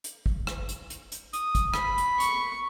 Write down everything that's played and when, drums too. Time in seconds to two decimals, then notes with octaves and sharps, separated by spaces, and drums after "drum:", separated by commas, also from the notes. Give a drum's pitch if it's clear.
0.04 drum: hi-hat
0.26 drum: kick
0.47 drum: rim click
0.69 drum: hi-hat
0.90 drum: hi-hat
1.12 drum: hi-hat
1.33 D#6, drum: hi-hat
1.55 drum: kick, hi-hat
1.74 B5, drum: rim click
1.98 drum: hi-hat
2.20 C#6, drum: hi-hat